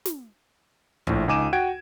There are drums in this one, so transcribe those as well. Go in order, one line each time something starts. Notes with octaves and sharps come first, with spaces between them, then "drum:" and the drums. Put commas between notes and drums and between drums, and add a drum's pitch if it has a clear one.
drum: snare
A#1 A2, drum: kick
C#2 D#4 G#5 D6 D#7 E7
F#4 F#5 G5 G#6 D7